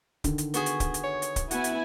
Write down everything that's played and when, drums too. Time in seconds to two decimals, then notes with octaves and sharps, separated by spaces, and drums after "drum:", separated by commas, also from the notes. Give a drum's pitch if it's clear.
0.24 D3 D#3, drum: kick C#1, hi-hat
0.38 drum: hi-hat
0.54 B3 F#4 G#4, drum: hi-hat
0.66 drum: hi-hat
0.80 drum: kick C#1, hi-hat
0.94 drum: hi-hat
1.03 C#5
1.22 drum: hi-hat
1.36 drum: kick C#1, hi-hat
1.51 B3 E4 F#4 G#5, drum: hi-hat
1.64 drum: hi-hat